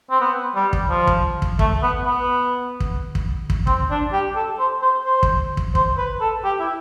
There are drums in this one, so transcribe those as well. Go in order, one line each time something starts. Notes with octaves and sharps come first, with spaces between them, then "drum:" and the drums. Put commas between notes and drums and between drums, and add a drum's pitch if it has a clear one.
C4
B3
G3
drum: kick
F3
drum: kick
drum: kick
A3, drum: kick
B3
B3
drum: kick
drum: kick
drum: kick
C4, drum: kick
D4
G4
A4
C5
C5
C5
drum: kick
drum: kick
C5, drum: kick
B4
A4
G4
E4